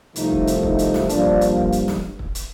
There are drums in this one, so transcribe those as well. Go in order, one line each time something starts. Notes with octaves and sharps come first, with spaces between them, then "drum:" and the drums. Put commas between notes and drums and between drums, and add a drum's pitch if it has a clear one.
C2 C3 F3 A3 D#4, drum: hi-hat
drum: kick
drum: hi-hat
D#4, drum: kick
drum: hi-hat
drum: snare
G2 F3 A#3 D4, drum: hi-hat
drum: kick
drum: hi-hat
drum: kick
drum: hi-hat
drum: snare
drum: kick
drum: hi-hat